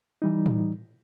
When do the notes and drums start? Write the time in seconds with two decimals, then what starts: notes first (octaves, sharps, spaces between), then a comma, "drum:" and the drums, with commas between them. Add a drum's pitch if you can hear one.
0.22 E3 G3 D#4
0.46 drum: tom A2